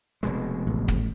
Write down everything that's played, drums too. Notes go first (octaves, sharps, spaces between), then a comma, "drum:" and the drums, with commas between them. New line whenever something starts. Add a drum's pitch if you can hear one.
F1 B2 G#3
A1
drum: kick